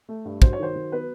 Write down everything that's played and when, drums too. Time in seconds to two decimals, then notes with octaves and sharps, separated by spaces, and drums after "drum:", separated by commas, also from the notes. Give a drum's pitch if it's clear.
0.09 A3
0.25 G2
0.42 F#3 C5, drum: kick
0.53 C#5
0.59 D#3 C5
0.75 F#3
0.92 B3 B4